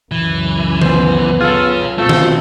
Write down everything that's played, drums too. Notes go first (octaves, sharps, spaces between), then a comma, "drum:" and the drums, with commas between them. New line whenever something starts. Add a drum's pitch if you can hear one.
C#2 F#2 E3
B3 C5, drum: tom D#3
F4 G#4 A4 C#5
B2 A3 C4 F4 A4
drum: tom D#3